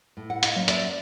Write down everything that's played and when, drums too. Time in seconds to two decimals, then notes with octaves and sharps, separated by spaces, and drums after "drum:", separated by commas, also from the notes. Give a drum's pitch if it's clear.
0.17 A2
0.30 F#5
0.43 D#5 F5, drum: hi-hat
0.56 F#3 A#3 C#4
0.68 D5 E5, drum: hi-hat